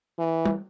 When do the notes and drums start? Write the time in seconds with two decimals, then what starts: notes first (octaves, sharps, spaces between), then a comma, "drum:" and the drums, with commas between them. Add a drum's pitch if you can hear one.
0.18 E3
0.46 drum: tom G3